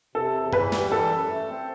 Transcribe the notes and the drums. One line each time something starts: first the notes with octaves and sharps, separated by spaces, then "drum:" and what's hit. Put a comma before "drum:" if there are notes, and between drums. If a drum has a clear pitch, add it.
C3 A4
E2
E3 B4, drum: tom G2
G3, drum: snare
E3 A4
F#2
A3
C4